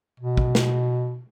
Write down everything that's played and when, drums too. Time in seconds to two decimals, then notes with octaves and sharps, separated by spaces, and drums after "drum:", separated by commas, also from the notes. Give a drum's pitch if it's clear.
0.20 B2
0.37 drum: kick
0.55 drum: snare